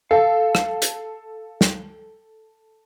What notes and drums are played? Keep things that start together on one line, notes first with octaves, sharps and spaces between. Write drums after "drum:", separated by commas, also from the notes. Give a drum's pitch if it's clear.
A4 F5
drum: rim click
drum: hi-hat
drum: snare